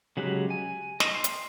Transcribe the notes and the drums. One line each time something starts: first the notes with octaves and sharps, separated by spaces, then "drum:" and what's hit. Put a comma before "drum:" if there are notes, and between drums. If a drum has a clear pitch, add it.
C#3 F#3 G#3 G4 F#6
G#5
D#5, drum: snare
C6
drum: hi-hat